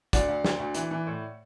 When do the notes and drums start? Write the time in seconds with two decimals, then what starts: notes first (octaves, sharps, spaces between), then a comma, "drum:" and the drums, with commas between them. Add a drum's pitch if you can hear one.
0.13 D2 D5 F#5, drum: kick, hi-hat
0.28 D2
0.44 D2, drum: snare
0.59 D2
0.75 E3, drum: hi-hat
0.91 E3
1.07 A2